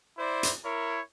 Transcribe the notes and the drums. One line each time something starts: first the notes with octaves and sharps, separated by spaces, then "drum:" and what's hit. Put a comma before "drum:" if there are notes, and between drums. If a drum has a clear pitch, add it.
E4 C5 D5
drum: hi-hat
E4 A#4 C#5